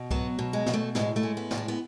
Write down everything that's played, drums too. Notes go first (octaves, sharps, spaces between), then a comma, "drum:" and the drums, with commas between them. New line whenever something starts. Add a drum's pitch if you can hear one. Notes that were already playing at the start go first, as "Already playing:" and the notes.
Already playing: B2
F#3 B3, drum: kick C2
B2
G#3
B2, drum: snare
A3
A2 G#3, drum: snare
A3
G#3
B3
A2, drum: snare
D4
B3